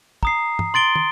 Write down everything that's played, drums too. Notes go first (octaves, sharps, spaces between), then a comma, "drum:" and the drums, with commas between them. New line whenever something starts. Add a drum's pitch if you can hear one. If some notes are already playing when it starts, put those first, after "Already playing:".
A#5 D#6 C7, drum: kick
drum: tom
C6 A6 D7 G7
drum: tom